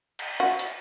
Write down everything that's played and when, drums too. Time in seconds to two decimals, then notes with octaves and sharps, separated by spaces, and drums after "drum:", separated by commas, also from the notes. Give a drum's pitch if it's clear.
0.19 drum: cymbal
0.40 F#4
0.59 drum: hi-hat